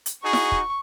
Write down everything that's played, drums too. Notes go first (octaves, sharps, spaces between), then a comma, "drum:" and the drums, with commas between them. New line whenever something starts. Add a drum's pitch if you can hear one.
drum: hi-hat
D#4 F#4 G#4 C#6
drum: snare E4
drum: kick